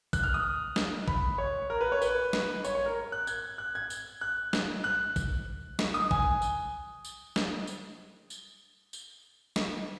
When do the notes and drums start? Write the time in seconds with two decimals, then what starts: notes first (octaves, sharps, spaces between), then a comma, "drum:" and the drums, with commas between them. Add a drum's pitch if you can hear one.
0.13 F#6, drum: kick A1, tambourine
0.24 F6
0.34 D#6
0.76 drum: snare
1.08 B5, drum: kick A1
1.38 C#5
1.70 A#4
1.81 B4
1.92 C#5
2.02 B4, drum: tambourine
2.33 drum: snare
2.65 C#5, drum: tambourine
2.75 C#5
2.86 A#4
3.12 F#6
3.27 G#6, drum: tambourine
3.58 F#6
3.75 G#6
3.90 drum: tambourine
4.21 F#6
4.53 drum: snare
4.84 F#6
5.16 drum: kick A1, tambourine
5.79 drum: snare
5.94 D#6
6.11 G#5, drum: kick A1
6.42 drum: tambourine
7.05 drum: tambourine
7.36 drum: snare
7.67 drum: tambourine
8.30 drum: tambourine
8.93 drum: tambourine
9.56 drum: snare